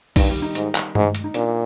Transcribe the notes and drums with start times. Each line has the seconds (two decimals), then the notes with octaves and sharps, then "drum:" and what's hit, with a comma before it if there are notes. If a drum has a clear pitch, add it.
0.16 G2 D#3, drum: kick, open hi-hat
0.30 G3
0.42 D#4
0.55 G#2, drum: hi-hat
0.75 drum: clap
0.95 G#2, drum: tom G2
1.15 drum: hi-hat
1.24 D#4
1.34 A#2 D4, drum: hi-hat